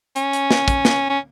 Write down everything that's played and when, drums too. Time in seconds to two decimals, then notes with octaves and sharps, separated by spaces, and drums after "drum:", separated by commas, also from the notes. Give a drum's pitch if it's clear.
0.16 C#4, drum: hi-hat
0.33 drum: hi-hat
0.51 drum: snare
0.68 drum: kick, hi-hat
0.85 drum: snare
1.10 C#4